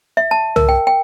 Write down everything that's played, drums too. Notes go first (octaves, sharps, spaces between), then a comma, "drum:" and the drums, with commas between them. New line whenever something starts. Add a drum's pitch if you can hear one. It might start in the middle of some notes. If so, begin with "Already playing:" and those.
E5
A5
A#4, drum: tom
G5
G5